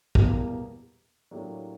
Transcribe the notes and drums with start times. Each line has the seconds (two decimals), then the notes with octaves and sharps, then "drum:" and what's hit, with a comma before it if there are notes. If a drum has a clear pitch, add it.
0.15 E2 B2 G3 A#3, drum: kick
1.31 A2 F#3 A#3 D4 G4